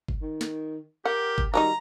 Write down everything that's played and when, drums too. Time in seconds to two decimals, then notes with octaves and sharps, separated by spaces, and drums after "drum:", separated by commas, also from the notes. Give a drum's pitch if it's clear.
0.08 drum: kick G1
0.22 D#3
0.41 drum: snare
1.05 G4 A#4 F#5
1.38 drum: kick G1
1.54 D#3 F#3 G3 D#4 A#5